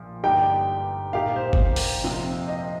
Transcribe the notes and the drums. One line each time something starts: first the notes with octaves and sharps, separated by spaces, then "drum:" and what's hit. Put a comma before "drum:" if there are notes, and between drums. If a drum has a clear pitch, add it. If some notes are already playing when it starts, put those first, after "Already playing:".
Already playing: A#1 A#2 F3
G1 G2 G3 D#4 G4 G5
A#2 A#3 D#4 G4 F5
C5
drum: kick G1
drum: open hi-hat
F2 C3 F3 C4
D#5